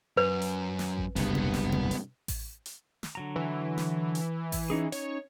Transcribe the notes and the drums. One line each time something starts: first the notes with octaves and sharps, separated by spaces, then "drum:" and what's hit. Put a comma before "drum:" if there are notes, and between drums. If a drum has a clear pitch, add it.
F#2 B4
drum: hi-hat
drum: snare
drum: kick A1
F#1 C2 G2 B3, drum: hi-hat
drum: tom B2
drum: snare
drum: tom B2
drum: hi-hat
drum: kick A1, open hi-hat
drum: hi-hat
drum: snare
D3 F#3 A#5
E3
drum: snare
drum: hi-hat
drum: kick A1, open hi-hat
C#4 D#4 G#4
C#4 D#4 C#5, drum: hi-hat